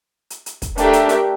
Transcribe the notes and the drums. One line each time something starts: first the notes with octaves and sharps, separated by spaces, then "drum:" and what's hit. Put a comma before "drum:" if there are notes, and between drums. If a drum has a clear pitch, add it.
drum: hi-hat
drum: hi-hat
drum: kick, hi-hat
A3 D4 G4 A#4 E5, drum: hi-hat
drum: hi-hat
drum: hi-hat